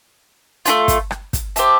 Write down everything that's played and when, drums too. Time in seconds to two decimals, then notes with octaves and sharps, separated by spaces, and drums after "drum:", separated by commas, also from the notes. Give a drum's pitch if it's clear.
0.66 A3 D4 F4, drum: hi-hat
0.88 drum: kick, hi-hat
1.11 drum: rim click
1.33 drum: kick, hi-hat
1.56 G4 C5 E5 A5, drum: hi-hat